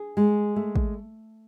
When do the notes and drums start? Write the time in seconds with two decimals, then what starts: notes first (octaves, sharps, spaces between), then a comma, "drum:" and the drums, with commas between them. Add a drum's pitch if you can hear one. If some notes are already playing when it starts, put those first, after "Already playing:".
Already playing: G#4
0.17 G#3
0.56 A3
0.76 drum: kick